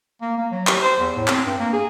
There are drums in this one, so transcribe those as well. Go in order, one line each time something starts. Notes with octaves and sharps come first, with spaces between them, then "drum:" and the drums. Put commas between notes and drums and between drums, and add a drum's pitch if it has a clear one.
A#3
A#3
F#3
G4, drum: clap
C5
E2
A2
C4, drum: clap
G2
A#3
G#4